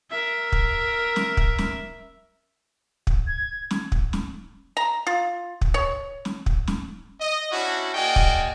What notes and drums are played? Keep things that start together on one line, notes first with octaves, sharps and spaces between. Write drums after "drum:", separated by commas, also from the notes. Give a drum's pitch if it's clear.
A#4 E5
drum: kick
drum: snare
drum: kick
drum: snare
drum: kick
G#6
drum: snare
drum: kick
drum: snare
A#5
F4
drum: kick
C#5
drum: snare
drum: kick
drum: snare
D#5
C#4 D4 E4 F#4
A#3 F#4 G#4 D5 D#5 G5
drum: kick